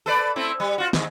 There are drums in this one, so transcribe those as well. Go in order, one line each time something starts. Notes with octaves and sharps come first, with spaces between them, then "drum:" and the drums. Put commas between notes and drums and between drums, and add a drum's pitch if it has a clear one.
A4 B4 D5
A3 C4 E4
G3
F4 F#4
D#2 G#2, drum: snare